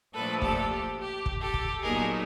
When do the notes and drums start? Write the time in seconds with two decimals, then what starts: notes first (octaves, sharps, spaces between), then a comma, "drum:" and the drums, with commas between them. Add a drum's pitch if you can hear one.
0.13 A#2 F3 A3 D4 A4 B4
0.42 G4 A4, drum: kick
0.69 G4
0.98 G4
1.26 drum: kick
1.39 G4 A4
1.54 drum: kick
1.81 A#2 F#3 B3 D#4 G#4 A#4